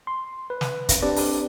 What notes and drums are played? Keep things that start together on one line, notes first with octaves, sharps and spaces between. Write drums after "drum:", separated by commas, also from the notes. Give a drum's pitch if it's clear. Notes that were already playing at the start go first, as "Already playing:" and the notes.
C6
B4
drum: snare
drum: kick, hi-hat
C4 D4 G4 B4 D5
drum: open hi-hat